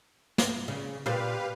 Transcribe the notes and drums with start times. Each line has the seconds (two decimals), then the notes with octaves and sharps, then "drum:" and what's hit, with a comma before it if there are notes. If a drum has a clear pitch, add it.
0.38 drum: snare
0.68 C#3
1.06 A#2 F4 G4 B4 C5 F5